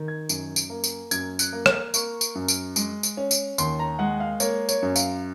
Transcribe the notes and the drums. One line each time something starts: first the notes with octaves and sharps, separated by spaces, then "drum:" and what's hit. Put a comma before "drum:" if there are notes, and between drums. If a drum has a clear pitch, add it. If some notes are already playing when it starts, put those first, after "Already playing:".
Already playing: D#3
G#6
F#2, drum: tambourine
drum: tambourine
A#3
drum: tambourine
F#2 G#6, drum: tambourine
F#6, drum: tambourine
A#3
F6, drum: rim click
A#3 C#6, drum: tambourine
drum: tambourine
F#2
drum: tambourine
G#3, drum: tambourine
drum: tambourine
C#4
drum: tambourine
D#2 C6, drum: tambourine
A#5
G#3 F#5
F5
A#3 C#5, drum: tambourine
C#5, drum: tambourine
F#2
F5, drum: tambourine